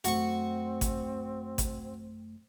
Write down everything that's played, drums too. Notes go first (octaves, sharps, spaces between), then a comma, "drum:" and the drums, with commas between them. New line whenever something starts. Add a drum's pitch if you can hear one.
F#2 A3 C4 F#4 C#6, drum: hi-hat
drum: kick G#1, hi-hat
drum: kick G#1, hi-hat